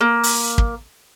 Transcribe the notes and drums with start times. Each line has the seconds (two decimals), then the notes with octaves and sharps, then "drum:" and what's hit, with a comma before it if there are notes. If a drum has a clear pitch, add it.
0.01 A#3
0.23 drum: open hi-hat
0.58 drum: kick